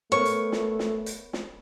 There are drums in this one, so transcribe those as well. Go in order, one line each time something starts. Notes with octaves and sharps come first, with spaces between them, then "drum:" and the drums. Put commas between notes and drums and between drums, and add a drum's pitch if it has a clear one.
A3 B3 A#4 C#5 C#6
drum: hi-hat
drum: snare
drum: snare
drum: hi-hat
drum: snare